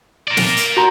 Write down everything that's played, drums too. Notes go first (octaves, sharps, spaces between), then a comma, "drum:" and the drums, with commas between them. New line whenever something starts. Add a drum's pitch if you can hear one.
A#4 D5
drum: snare
drum: hi-hat
F#4 A#5